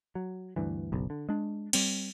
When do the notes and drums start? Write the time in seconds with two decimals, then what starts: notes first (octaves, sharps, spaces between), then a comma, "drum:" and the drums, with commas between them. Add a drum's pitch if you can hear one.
0.15 F#3
0.56 D2 G2 E3
0.92 F#1 B1
1.10 D3
1.29 G#3 D4
1.73 G3 C4, drum: cymbal